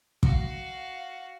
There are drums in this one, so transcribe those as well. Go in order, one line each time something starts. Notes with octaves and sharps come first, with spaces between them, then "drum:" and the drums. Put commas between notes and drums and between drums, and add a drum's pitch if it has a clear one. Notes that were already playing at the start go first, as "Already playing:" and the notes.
F#4 F5, drum: kick